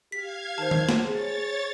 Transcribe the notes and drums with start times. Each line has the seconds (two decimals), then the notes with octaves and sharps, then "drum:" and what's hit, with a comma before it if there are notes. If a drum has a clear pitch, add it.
0.12 G4 F5 G#6 B6
0.58 D#3 C5 A5
0.71 drum: tom D#3
0.89 drum: snare
1.06 G#4 C#5 A6